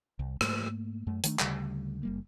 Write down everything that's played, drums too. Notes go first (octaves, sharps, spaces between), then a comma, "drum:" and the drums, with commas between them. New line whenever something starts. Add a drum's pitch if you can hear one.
C2
G#2 A3 A#3, drum: rim click
F#2 A3
D#3 A3 D4, drum: hi-hat
D2 C#3 G3, drum: clap
F#1 G3 A#3